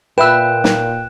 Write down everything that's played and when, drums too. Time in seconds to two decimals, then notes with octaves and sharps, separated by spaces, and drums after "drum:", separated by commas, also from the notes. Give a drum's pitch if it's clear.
0.18 A#2 B4 E5 G5 E6 F#6 E7
0.64 drum: snare